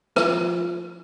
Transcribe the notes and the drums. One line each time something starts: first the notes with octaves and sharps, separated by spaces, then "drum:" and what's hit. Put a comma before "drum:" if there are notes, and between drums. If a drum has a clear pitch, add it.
F3, drum: rim click